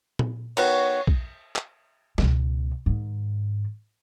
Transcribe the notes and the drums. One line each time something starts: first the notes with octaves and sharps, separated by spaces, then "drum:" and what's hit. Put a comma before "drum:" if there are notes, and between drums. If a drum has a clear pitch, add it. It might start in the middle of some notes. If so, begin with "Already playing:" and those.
drum: tom A#2
D#3 B3 F#4 C#5, drum: cymbal
drum: kick A#1
drum: clap
C#2 B2, drum: snare
G#2 D#3